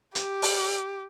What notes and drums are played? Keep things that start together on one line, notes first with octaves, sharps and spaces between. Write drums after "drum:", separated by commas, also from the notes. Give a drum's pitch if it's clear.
G4, drum: hi-hat
drum: open hi-hat